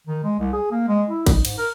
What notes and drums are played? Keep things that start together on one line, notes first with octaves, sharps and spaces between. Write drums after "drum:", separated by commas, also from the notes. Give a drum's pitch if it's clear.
D#3
G#3
C2
G#4
A#3
G#3
E4
D#4, drum: kick G#1, cymbal
G#2, drum: cymbal
A#4